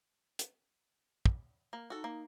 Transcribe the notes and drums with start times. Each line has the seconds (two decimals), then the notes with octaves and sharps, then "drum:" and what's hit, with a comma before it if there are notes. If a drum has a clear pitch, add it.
0.39 drum: hi-hat
1.26 drum: kick
1.73 A#3
1.90 D#4 F#4 A4
2.04 A#3